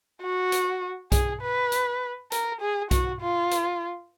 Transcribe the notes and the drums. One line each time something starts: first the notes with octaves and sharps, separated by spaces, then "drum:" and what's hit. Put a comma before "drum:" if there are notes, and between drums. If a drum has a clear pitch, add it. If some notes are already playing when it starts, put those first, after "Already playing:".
F#4
drum: hi-hat
G#4, drum: kick B1, hi-hat
B4
drum: hi-hat
A#4, drum: hi-hat
G#4
F#4, drum: kick B1, hi-hat
F4
drum: hi-hat